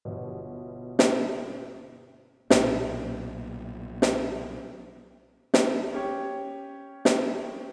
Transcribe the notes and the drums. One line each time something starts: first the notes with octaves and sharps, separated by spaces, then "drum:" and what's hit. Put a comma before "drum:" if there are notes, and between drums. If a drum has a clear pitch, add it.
G1 B2
drum: snare
B1 A#2, drum: snare
drum: snare
drum: snare
C#4 G4 C#5
drum: snare